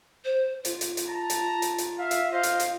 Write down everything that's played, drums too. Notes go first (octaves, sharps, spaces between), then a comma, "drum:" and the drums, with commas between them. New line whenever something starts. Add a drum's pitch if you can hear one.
C5
F4, drum: hi-hat
drum: hi-hat
drum: hi-hat
A5 A#5
drum: hi-hat
drum: hi-hat
drum: hi-hat
E5 F5
drum: hi-hat
C5 D#5 F5
drum: hi-hat
drum: hi-hat